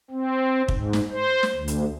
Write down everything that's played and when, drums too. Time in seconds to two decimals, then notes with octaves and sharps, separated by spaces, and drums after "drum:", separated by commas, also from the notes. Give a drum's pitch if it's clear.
0.11 C4
0.68 G#2, drum: kick
0.93 drum: snare
1.10 C5
1.43 drum: snare
1.56 D2
1.68 drum: hi-hat